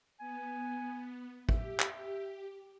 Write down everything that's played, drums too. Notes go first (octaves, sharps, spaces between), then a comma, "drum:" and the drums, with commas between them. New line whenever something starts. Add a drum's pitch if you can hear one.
B3 G#5
G4 E5, drum: kick G#1
drum: clap